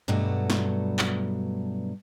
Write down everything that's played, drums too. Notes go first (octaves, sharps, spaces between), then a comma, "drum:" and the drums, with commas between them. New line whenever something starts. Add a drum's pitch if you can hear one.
G2 B2 F#3 A3 D4 F#4
drum: snare
drum: clap